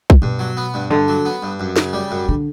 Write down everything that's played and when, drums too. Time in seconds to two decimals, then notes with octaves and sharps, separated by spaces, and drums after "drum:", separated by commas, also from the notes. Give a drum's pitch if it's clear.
0.10 drum: kick B1
0.22 G2 B2
0.39 F#3
0.57 B3
0.74 G2
0.90 G2 D3
1.08 F#3
1.25 B3
1.43 G2
1.60 F#2
1.76 C#3, drum: snare
1.93 G3
2.11 F#2
2.29 D3